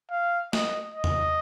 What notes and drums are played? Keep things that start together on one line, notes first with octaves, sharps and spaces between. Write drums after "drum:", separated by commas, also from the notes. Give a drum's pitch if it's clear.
F5
D#5, drum: snare
D#5
drum: tom E2